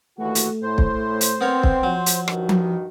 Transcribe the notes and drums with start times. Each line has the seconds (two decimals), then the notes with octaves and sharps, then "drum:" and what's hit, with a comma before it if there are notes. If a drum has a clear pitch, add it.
0.19 D#2 E3 A3 F#4
0.35 drum: hi-hat
0.62 A2 C5
0.78 drum: kick
1.21 drum: hi-hat
1.41 B3 C4 A#4 C#5
1.63 drum: kick
1.83 F3 F#3
2.06 drum: hi-hat
2.28 G2 D#3 F#4, drum: rim click
2.49 drum: tom F3